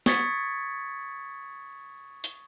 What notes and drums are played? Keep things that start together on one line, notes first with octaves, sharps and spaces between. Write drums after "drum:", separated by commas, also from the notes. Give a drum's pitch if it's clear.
C#6 D#6 G#6 A6 B6 C#7, drum: snare
drum: hi-hat